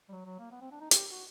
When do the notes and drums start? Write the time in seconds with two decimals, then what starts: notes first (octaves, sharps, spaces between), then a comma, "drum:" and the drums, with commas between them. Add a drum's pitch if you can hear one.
0.09 G3
0.12 F#3
0.26 F#3
0.39 A#3
0.51 B3
0.61 C4
0.72 D4
0.81 D#4
0.91 G4, drum: hi-hat
1.10 F#4